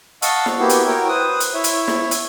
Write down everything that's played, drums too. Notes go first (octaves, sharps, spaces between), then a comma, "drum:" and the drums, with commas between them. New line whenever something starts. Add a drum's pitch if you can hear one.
D#5 F5 F#5 A5 C#6 E6, drum: hi-hat
drum: snare
A#3 B3 E4 F#4 G4
drum: hi-hat
E4 F#4 A#4 C#5 G5
B4 C5 D#6
drum: hi-hat
E4 C#5 E5
drum: hi-hat
drum: snare
drum: hi-hat